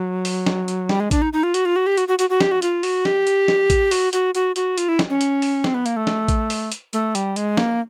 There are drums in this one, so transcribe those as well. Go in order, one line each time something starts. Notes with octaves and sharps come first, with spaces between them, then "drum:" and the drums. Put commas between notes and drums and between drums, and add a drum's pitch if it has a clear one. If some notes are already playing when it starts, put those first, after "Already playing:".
Already playing: F#3
drum: open hi-hat
drum: snare
drum: hi-hat
G3, drum: snare
G#3
D4, drum: kick A1, hi-hat
D#4
D#4
F4
F#4, drum: hi-hat
F4
F#4
G4
F#4, drum: hi-hat
F#4
F#4, drum: hi-hat
F#4
G4, drum: snare
F#4
F4, drum: hi-hat
F#4, drum: open hi-hat
G4, drum: snare
drum: hi-hat
drum: snare
drum: kick A1, hi-hat
F#4, drum: open hi-hat
F#4, drum: hi-hat
F#4, drum: hi-hat
F#4, drum: hi-hat
F4, drum: hi-hat
E4
drum: snare
C#4
drum: hi-hat
drum: open hi-hat
C4, drum: snare
B3
A#3, drum: hi-hat
A3
drum: snare
drum: kick A1, hi-hat
drum: open hi-hat
drum: hi-hat
A3, drum: hi-hat
G3, drum: hi-hat
G#3, drum: hi-hat
A#3, drum: snare